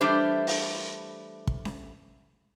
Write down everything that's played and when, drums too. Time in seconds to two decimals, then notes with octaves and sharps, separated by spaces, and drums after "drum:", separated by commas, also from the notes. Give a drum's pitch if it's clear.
0.01 E3 G3 A3 D4 G4 C5
0.47 drum: open hi-hat
1.47 drum: kick
1.65 drum: snare C#4